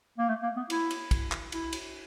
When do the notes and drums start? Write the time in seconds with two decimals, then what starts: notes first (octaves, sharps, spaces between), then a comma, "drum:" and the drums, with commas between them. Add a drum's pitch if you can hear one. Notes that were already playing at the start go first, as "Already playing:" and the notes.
0.18 A#3
0.29 A3
0.43 A#3
0.57 B3
0.70 E4, drum: cymbal
0.91 drum: cymbal
1.11 drum: kick, cymbal
1.32 drum: clap
1.52 E4, drum: cymbal
1.73 drum: cymbal